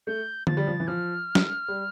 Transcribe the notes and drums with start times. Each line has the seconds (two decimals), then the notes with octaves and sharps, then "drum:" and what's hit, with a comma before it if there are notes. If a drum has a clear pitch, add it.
0.07 A3 G6
0.47 F3 A6, drum: tom D3
0.57 G3
0.67 F3
0.80 E3
0.88 F3 F6
1.35 drum: snare
1.68 G3